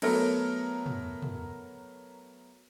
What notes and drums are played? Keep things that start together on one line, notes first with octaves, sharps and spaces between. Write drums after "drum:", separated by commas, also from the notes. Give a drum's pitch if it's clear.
F#3 A3 B3 A#4, drum: cymbal
drum: tom
drum: tom